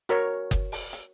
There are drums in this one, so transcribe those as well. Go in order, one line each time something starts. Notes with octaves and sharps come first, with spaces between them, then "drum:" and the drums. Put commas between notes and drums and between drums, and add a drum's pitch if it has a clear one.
F#4 A#4 C#5, drum: hi-hat
drum: kick F#1, hi-hat
drum: open hi-hat
drum: hi-hat